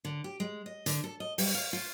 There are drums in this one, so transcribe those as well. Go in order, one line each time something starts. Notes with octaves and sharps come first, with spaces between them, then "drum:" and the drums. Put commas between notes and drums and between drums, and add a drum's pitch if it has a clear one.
D3
G4
G#3
D#5
D3, drum: hi-hat
A4
D#5
G3, drum: open hi-hat
F5
F4